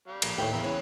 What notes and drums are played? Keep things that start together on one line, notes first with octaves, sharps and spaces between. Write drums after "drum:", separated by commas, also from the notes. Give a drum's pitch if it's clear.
G3 F5
A#1 A#5, drum: cymbal
D#2 A2 B4 C#5 G5
E2 C#3 A#4 E5
E3 C#4